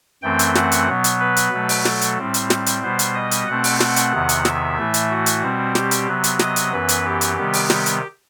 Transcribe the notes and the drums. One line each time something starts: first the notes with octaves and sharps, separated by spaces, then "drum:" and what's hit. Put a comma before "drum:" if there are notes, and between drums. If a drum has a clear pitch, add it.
F#2 E3 A3 C4 G5
drum: hi-hat
F#5, drum: snare
drum: hi-hat
B2 F#3 B3
drum: hi-hat
B4
drum: hi-hat
B2 F#3 A3
drum: open hi-hat
A4, drum: snare
drum: hi-hat
A2 G3 C4
drum: hi-hat
drum: snare
drum: hi-hat
B2 G3 B3 C5
drum: hi-hat
D#5
drum: hi-hat
B2 A3 C4 F#5
drum: open hi-hat
F#5, drum: snare
drum: hi-hat
E2 C3 D#3
drum: hi-hat
E5, drum: snare
A2 E3 A3
drum: hi-hat
F#4
drum: hi-hat
B2 G3 C4
G4, drum: snare
drum: hi-hat
C3 F#3 B3
drum: hi-hat
D#5, drum: snare
drum: hi-hat
F#2 E3 B3 B4
drum: hi-hat
G4
drum: hi-hat
C3 D#3 G3 B3
drum: open hi-hat
drum: snare
drum: hi-hat